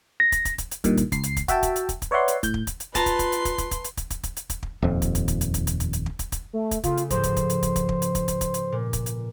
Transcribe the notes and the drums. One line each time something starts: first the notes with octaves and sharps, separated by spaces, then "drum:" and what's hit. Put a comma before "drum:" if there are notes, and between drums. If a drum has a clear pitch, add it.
A#6
drum: kick, hi-hat
drum: kick, hi-hat
drum: kick, hi-hat
drum: hi-hat
G2 A#2 D#3, drum: kick, hi-hat
drum: kick, hi-hat
C#2 C7, drum: kick, hi-hat
drum: hi-hat
drum: kick, hi-hat
F#4 E5 G5 A5, drum: kick, hi-hat
drum: kick, hi-hat
drum: hi-hat
drum: kick, hi-hat
drum: kick, hi-hat
B4 C#5 D5 E5 F#5 C6
drum: hi-hat
A2 G6, drum: kick, hi-hat
drum: kick
drum: kick, hi-hat
drum: hi-hat
F4 B4 A5 A#5 C6, drum: kick, hi-hat
drum: kick, hi-hat
drum: kick, hi-hat
drum: hi-hat
drum: kick, hi-hat
drum: kick, hi-hat
drum: kick, hi-hat
drum: hi-hat
drum: kick, hi-hat
drum: kick, hi-hat
drum: kick, hi-hat
drum: hi-hat
drum: kick, hi-hat
drum: kick
D#1 F2
drum: kick, hi-hat
drum: kick, hi-hat
drum: kick, hi-hat
drum: hi-hat
drum: kick, hi-hat
drum: kick, hi-hat
drum: kick, hi-hat
drum: hi-hat
drum: kick
drum: kick, hi-hat
drum: kick, hi-hat
A3
drum: kick, hi-hat
C#3 A3 F4, drum: kick, hi-hat
drum: hi-hat
G1 G#2 F3 C5, drum: kick, hi-hat
drum: kick, hi-hat
drum: kick, hi-hat
drum: hi-hat
drum: kick, hi-hat
drum: kick, hi-hat
drum: kick
drum: hi-hat
drum: kick, hi-hat
drum: kick, hi-hat
drum: kick, hi-hat
drum: hi-hat
A#2
drum: kick, hi-hat
drum: hi-hat